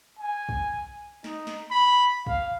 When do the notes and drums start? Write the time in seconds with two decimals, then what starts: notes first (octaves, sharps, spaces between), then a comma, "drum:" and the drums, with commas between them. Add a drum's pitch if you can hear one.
0.19 G#5
0.49 drum: kick
1.24 D#4, drum: snare
1.47 drum: snare
1.71 B5
2.26 F5, drum: kick